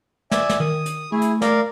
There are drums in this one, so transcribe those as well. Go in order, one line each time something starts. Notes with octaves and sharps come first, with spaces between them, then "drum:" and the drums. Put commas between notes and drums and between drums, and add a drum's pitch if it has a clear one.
D5 E5 G#5, drum: snare
drum: snare
D#3 D#6
drum: hi-hat
A3 E4 G#4
drum: hi-hat
A#4 D5 F5, drum: snare